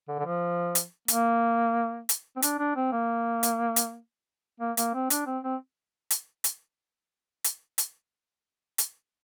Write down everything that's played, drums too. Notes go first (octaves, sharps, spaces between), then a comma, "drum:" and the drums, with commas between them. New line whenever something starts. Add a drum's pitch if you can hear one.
D3
D3
F3
drum: hi-hat
A#3, drum: hi-hat
drum: hi-hat
C4
D4, drum: hi-hat
D4
C4
A#3
drum: hi-hat
drum: hi-hat
A#3
A#3, drum: hi-hat
C4
D4, drum: hi-hat
C4
C4
drum: hi-hat
drum: hi-hat
drum: hi-hat
drum: hi-hat
drum: hi-hat